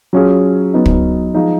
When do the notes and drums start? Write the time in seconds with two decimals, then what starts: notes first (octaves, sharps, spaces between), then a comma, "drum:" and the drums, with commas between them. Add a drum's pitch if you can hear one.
0.13 F#3 C#4 F4 G#4
0.74 F#3 B3 D#4
0.86 drum: kick
1.34 F3 G#3 D#4 G#4